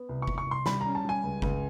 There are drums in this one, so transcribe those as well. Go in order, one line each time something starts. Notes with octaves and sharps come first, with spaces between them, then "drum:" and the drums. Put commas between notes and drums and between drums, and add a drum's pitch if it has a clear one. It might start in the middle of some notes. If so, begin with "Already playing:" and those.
Already playing: B3
C2
C#6
C2, drum: kick F#1
C#6
C2 C6
G3 B5, drum: snare
C#4 A#5
A5
G3 G#5
C#2
C#2, drum: kick F#1